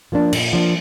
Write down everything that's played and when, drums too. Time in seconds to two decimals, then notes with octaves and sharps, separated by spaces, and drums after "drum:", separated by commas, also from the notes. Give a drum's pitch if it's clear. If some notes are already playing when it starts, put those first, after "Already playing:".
0.12 F3 A#3 D4
0.33 A#2, drum: cymbal
0.53 F3 A#3 D4